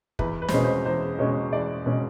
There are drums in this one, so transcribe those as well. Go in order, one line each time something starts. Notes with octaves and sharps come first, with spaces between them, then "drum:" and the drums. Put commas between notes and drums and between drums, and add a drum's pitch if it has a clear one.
E2 B4, drum: kick
B4
C5, drum: snare
B2 G#3 C#4 B4
C5
E2 C5
B2 G#3 C#4 C#5
E2 D5
B2 G#3 C#4